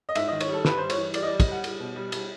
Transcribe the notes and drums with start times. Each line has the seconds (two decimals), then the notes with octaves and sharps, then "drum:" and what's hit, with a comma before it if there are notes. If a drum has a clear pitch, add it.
0.09 D#5
0.15 G#2 E5, drum: cymbal
0.28 D#3 D#5
0.41 C#5, drum: cymbal
0.49 G3 A4
0.65 G2 B4, drum: snare
0.78 G3 C5
0.90 C#5, drum: cymbal
0.97 E3
1.14 G3 D5, drum: cymbal
1.23 D#5
1.27 G3 D5
1.40 D#5, drum: kick, cymbal
1.47 G3 F#5
1.64 G3, drum: cymbal
1.80 B2
1.96 G3
2.12 G3, drum: cymbal